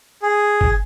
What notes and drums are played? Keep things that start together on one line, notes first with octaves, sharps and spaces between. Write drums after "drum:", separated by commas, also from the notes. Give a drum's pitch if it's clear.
G#4
drum: kick